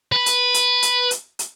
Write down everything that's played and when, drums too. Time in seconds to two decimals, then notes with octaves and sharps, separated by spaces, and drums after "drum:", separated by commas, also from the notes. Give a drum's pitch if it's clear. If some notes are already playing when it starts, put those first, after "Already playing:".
0.12 B4
0.26 drum: hi-hat
0.54 drum: hi-hat
0.83 drum: hi-hat
1.11 drum: hi-hat
1.39 drum: hi-hat